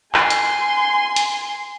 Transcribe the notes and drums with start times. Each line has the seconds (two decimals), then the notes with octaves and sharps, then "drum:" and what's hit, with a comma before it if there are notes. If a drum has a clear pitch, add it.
0.14 G#5 C6, drum: clap
0.30 drum: hi-hat
1.16 drum: hi-hat